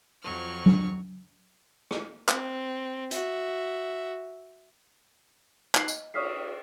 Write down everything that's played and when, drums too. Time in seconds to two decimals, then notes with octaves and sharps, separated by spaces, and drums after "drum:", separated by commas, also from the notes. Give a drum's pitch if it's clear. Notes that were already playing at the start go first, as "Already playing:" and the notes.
0.22 F2 F3 F#3 C#6 F6
0.66 drum: tom F#3
1.91 drum: rim click
2.29 C4, drum: clap
3.11 F#4 E5, drum: hi-hat
5.75 D#4 F#6 C7 F#7, drum: clap
5.88 D#5, drum: tambourine
6.14 C#5 C#6 D#6 F6 B6 C7, drum: cymbal